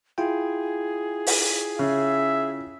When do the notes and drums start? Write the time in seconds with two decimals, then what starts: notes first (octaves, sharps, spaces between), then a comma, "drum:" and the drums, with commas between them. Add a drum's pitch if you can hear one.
0.18 E4 F4 G#4 G5
1.27 drum: open hi-hat
1.79 C#3 E5